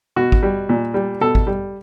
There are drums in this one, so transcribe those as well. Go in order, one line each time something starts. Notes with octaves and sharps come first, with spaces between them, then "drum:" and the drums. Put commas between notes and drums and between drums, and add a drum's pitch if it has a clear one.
B2 F#4
drum: kick G#1
G3
A#2
G3
B2 A4
drum: kick G#1
G3